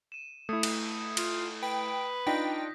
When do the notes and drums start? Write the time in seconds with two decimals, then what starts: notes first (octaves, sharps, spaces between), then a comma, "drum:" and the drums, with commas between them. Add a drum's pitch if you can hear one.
0.12 D#7 E7
0.49 A3 E4 D#6 G#6 C#7
0.63 drum: cymbal
1.17 F4, drum: cymbal
1.62 B4 G5
2.26 D4 D#4 F4 G5 G6 A#6 B6